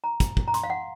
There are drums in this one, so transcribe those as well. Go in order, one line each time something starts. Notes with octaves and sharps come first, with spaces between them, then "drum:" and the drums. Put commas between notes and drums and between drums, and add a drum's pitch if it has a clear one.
A#5
drum: kick, hi-hat
drum: kick
A#5
C6, drum: hi-hat
F5
F#5